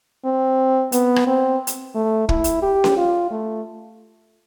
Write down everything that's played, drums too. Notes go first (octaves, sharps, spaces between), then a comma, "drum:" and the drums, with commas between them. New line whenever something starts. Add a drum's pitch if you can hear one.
C4
B3, drum: hi-hat
drum: rim click
C4
drum: hi-hat
A3
E4, drum: kick
drum: hi-hat
G4
drum: snare C#4
F4
A3